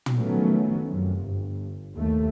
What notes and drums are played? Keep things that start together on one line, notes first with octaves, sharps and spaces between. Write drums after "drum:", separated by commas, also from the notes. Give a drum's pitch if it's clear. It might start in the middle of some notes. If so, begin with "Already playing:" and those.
drum: tom
D#3 F3 F#3 A3 B3 C#4
F#2 C3 F3
G1
D#2 A3